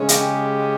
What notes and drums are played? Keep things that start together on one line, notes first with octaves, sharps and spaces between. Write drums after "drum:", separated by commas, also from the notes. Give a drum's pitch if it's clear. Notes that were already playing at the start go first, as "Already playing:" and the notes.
Already playing: C#3 G#3 C#4
G4, drum: hi-hat